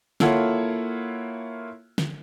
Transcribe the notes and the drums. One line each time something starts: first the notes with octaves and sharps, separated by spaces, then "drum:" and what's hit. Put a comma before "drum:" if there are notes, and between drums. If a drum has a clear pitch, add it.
A#3 E4 F4 A4 C#5 F#5, drum: snare
drum: snare